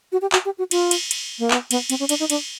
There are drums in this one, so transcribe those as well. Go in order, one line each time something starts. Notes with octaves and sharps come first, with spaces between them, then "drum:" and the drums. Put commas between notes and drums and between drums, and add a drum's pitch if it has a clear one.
F#4
G4
F#4, drum: clap
G4
F#4
F4, drum: cymbal
drum: cymbal
drum: cymbal
A#3
B3, drum: clap
B3, drum: cymbal
C4, drum: cymbal
C#4
D4, drum: cymbal
D#4
D4, drum: cymbal